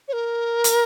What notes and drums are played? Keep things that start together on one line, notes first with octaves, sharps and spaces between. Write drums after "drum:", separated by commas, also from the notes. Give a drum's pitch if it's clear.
C#5
A#4
drum: hi-hat